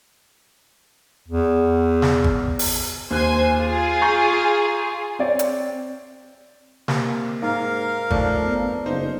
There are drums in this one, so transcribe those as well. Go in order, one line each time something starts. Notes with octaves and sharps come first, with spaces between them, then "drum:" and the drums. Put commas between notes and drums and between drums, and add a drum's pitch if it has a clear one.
E2
drum: snare
drum: kick G#1
drum: open hi-hat
D#2 C5 G#5 F#6
F4 G#4
A#5 C#6 G6
C4 C#5 D5
drum: hi-hat
C3 A#3, drum: snare
G#2 A#4 F5
F3 A3 D4 A4, drum: kick G#1
B3
F#1 D#4 C5